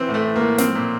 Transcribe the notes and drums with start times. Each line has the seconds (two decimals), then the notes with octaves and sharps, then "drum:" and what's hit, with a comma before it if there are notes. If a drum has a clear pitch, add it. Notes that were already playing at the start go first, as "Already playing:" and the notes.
Already playing: E3 C4
0.09 A2
0.14 A3
0.24 E3
0.36 A#3
0.41 A2
0.58 F3 C4, drum: snare
0.75 A#2